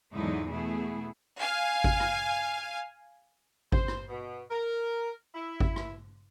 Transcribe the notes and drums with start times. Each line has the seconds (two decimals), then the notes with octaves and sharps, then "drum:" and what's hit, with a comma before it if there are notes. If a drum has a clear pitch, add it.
0.15 E2 G#2 D3 F#3 D#4 E4
0.51 B2 A3 B3 E4 G#4
1.39 F5 G#5 F6
1.84 drum: kick G#1
2.00 drum: rim click
3.72 C5, drum: kick G#1
3.88 drum: rim click
4.08 B2
4.51 A#4
5.35 E4
5.60 drum: kick G#1
5.76 drum: rim click